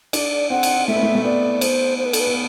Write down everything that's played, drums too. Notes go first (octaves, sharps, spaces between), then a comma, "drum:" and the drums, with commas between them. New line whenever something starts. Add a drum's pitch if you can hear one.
D4 D5, drum: cymbal
C4 F#5
drum: cymbal
A3 E5
B3
A3
A3
B3 D5
C5, drum: cymbal
C5
B4
A4, drum: cymbal
B4
B3